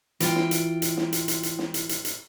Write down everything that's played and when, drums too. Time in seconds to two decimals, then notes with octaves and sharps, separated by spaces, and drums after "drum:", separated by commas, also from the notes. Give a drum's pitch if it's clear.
0.20 E3 F4 G5, drum: hi-hat
0.36 drum: snare
0.51 drum: hi-hat
0.82 drum: hi-hat
0.97 drum: snare
1.13 drum: hi-hat
1.28 drum: hi-hat
1.43 drum: hi-hat
1.59 drum: snare
1.74 drum: hi-hat
1.89 drum: hi-hat
2.05 drum: hi-hat